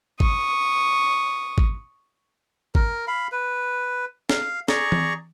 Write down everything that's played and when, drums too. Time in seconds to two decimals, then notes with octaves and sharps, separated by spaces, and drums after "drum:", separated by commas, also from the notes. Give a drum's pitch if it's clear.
0.20 C#6 D#6, drum: kick G#1
1.58 drum: kick G#1
2.75 A#4, drum: kick G#1
3.07 F5 B5
3.32 B4
4.29 F5, drum: snare
4.68 G#4 D5 A#5 C#6, drum: snare
4.92 drum: tom E3